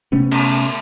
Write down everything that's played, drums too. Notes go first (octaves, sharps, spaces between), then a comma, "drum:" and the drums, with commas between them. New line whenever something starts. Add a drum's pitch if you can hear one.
C3 A3 B3 C#4
drum: cymbal